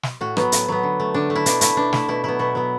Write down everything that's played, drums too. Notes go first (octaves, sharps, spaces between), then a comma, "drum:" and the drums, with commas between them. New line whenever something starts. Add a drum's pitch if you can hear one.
drum: snare
A2 F#4
F#3 B3, drum: rim click
A2, drum: hi-hat
F#3 B3
D3
A3
D3 D4
A3
E4
B2 D4, drum: hi-hat
A3 E4, drum: hi-hat
B2 D4
A3 E4, drum: snare
B2 E4
F#3 B3 E4
B2 F#4
F#3 B3